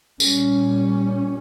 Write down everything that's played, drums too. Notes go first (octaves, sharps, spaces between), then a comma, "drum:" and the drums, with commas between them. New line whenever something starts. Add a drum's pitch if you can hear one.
A#2 G3 C#4, drum: tambourine